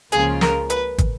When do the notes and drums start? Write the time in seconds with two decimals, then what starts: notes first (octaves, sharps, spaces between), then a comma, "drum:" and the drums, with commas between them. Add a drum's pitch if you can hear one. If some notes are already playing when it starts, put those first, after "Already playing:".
0.12 C#2 C#3 F3 A#3 F4 G#4, drum: hi-hat
0.41 A#4, drum: snare
0.70 B4, drum: hi-hat
0.98 drum: kick, hi-hat